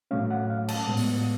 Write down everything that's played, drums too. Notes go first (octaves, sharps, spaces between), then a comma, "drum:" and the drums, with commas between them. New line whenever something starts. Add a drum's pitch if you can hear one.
A2 F#3 A3 C#4 F5
F#5
F5
A5, drum: cymbal
A2 G#3 B3
drum: open hi-hat